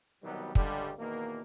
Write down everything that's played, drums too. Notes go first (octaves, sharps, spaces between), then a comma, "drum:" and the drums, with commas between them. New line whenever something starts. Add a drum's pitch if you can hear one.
C2 B2 D#3 F#3 G3 B3
C#2 D3 G3, drum: kick
E2 B2 D#3 A#3